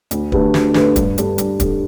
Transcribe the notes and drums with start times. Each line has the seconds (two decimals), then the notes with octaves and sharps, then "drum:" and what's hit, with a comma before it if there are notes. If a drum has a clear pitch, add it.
0.11 D2, drum: hi-hat
0.32 D3 A3 G4 B4, drum: kick
0.54 D2, drum: snare
0.74 D3 A3 G4 B4, drum: snare
0.96 G2, drum: kick, hi-hat
1.18 G3 D4 A4, drum: hi-hat
1.38 G2, drum: hi-hat
1.60 G3 D4 A4, drum: kick, hi-hat